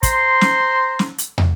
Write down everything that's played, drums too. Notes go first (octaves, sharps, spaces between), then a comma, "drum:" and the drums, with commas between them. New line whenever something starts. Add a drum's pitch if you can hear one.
C5 A#5 C6, drum: kick, hi-hat
drum: snare
drum: snare
drum: hi-hat
drum: tom